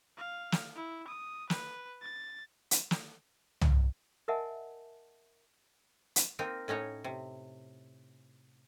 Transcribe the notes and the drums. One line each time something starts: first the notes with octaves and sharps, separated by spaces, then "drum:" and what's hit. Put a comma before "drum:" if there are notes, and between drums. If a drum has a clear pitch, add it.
F5
drum: snare
E4
D#6
B4, drum: snare
A6
drum: hi-hat
drum: snare
drum: tom C2
A#4 D#5 E5 F#5 G#5 A5
drum: hi-hat
A#3 C4 D#4 A#4
A2 C#4 D#4 C#5
C3